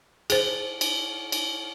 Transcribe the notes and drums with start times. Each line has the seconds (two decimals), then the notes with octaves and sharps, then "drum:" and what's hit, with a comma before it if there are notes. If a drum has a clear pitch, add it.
0.30 G#4 C5, drum: cymbal
0.81 drum: cymbal
1.32 drum: cymbal